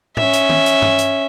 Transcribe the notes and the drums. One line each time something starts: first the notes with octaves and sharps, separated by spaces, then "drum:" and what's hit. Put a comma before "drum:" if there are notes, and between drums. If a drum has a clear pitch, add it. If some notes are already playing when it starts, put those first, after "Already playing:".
C#4 E5, drum: tom A2
drum: hi-hat
drum: tom D#3
drum: hi-hat
drum: tom G2
drum: hi-hat